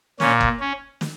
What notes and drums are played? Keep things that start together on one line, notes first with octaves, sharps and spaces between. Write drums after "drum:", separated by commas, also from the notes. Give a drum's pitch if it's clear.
A#2 C#4, drum: snare
drum: kick F#1
C#4
drum: snare